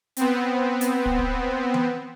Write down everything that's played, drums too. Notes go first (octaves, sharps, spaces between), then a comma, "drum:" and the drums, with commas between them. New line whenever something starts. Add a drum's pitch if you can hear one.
B3 C4, drum: hi-hat
drum: hi-hat
drum: kick
drum: kick
drum: tom E3